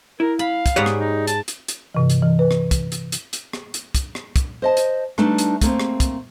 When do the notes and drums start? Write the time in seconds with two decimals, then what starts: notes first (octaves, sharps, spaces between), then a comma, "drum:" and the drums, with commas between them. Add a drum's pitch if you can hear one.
0.20 E4 A#4
0.39 F5 B5
0.66 drum: kick, hi-hat
0.76 G#2 G4 B4 C#5 D5 F#5
0.86 drum: rim click
0.99 D#4
1.27 A5, drum: hi-hat
1.48 drum: hi-hat
1.68 drum: hi-hat
1.95 G2 C3 E3
2.10 drum: hi-hat
2.22 E3
2.39 B4
2.51 drum: rim click
2.71 drum: kick, hi-hat
2.92 drum: hi-hat
3.12 drum: hi-hat
3.33 drum: hi-hat
3.53 drum: rim click
3.74 drum: hi-hat
3.95 drum: kick, hi-hat
4.15 drum: rim click
4.36 drum: kick, hi-hat
4.62 C5 D#5 A5
4.77 drum: hi-hat
5.18 G3 A3 D4 D#4 B4 A5, drum: rim click
5.38 drum: hi-hat
5.62 A3 A#3 C4, drum: kick, hi-hat
5.80 drum: rim click
6.00 drum: kick, hi-hat